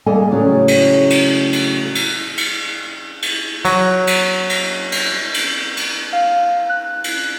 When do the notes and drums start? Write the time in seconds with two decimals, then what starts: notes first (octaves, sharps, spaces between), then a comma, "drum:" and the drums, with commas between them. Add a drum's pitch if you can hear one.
0.06 G3 A#3 G#4 A4 D#5 G#5
0.31 A2 C#3 F#3 C#4 G#4 A4
0.68 drum: cymbal
1.10 drum: cymbal
1.53 drum: cymbal
1.95 drum: cymbal
2.37 drum: cymbal
3.22 drum: cymbal
3.65 F#3, drum: cymbal
4.07 drum: cymbal
4.50 drum: cymbal
4.92 drum: cymbal
5.34 drum: cymbal
5.77 drum: cymbal
6.13 F5
6.69 F#6
7.04 drum: cymbal